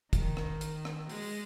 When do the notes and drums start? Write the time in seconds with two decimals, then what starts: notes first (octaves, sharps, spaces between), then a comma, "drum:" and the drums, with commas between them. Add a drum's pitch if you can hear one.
0.13 D#3, drum: kick, hi-hat
0.37 drum: rim click
0.61 drum: hi-hat
0.85 drum: rim click
1.09 G#3, drum: open hi-hat